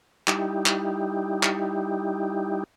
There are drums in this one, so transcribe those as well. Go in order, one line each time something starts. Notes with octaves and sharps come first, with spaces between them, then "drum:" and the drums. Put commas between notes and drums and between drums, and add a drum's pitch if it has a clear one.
G3 D#4 E4 G4, drum: clap
drum: clap
drum: clap